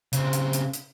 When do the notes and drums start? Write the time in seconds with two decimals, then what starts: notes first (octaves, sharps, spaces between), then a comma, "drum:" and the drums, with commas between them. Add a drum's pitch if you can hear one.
0.13 C#3 C4, drum: hi-hat
0.33 drum: hi-hat
0.53 drum: hi-hat
0.74 drum: hi-hat